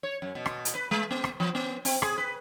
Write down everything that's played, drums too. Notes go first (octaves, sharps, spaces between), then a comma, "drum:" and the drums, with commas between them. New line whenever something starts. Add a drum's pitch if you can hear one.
C#5
F#2
B2
drum: rim click
drum: hi-hat
B4
G#3
B3
drum: rim click
F3
B3
C4, drum: open hi-hat
G#4, drum: rim click
B4